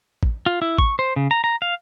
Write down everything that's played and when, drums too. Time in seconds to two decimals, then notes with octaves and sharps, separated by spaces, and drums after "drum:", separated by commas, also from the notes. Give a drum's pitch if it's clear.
0.23 drum: kick A1
0.46 F4
0.62 E4
0.78 C#6, drum: kick A1
0.99 C5
1.16 C#3
1.31 A#5
1.44 A#5
1.62 F5